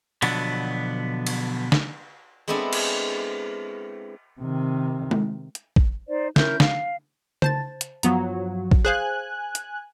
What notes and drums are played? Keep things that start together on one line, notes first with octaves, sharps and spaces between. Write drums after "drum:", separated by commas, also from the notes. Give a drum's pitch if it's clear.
B2 D3 F3 F#3 B3 D4, drum: cymbal
drum: cymbal
drum: snare
G#3 B3 C4 D4 E4 A4
drum: cymbal
C3 D#3
drum: tom G#3
drum: hi-hat
drum: kick A1
D#4 C5 D5
C#4 E4 A#4 G6, drum: snare
F5, drum: snare
C5 A5 A6, drum: tom C#3
drum: hi-hat
G2 F3 F#3 B3 A#5, drum: hi-hat
drum: kick A1
G#4 C5 F5 G#5 F#6
drum: hi-hat